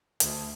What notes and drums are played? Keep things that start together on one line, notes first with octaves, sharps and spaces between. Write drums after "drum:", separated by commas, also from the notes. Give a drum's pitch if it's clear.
D2, drum: hi-hat